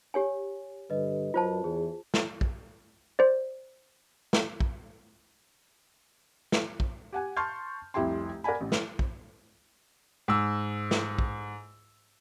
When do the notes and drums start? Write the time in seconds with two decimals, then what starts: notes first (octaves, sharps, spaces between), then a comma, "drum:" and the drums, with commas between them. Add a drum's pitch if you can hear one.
0.14 G4 C#5 G#5
0.90 G2 D3 G3 B4 D#5
1.34 F#2 F4 C5 A5
1.64 E2 G#4
2.14 drum: snare
2.41 drum: kick
3.19 C5 D5
4.33 drum: snare
4.60 drum: kick
6.52 drum: snare
6.80 drum: kick
7.13 G4 F#5 G#5
7.37 A5 C6 C#6 F6 G6
7.94 F1 C2 E4 G4 G5 C6
8.44 A#4 D5 F#5 G#5 B5
8.61 A1
8.72 drum: snare
8.99 drum: kick
10.28 G#2 E6
10.91 drum: snare
11.19 drum: kick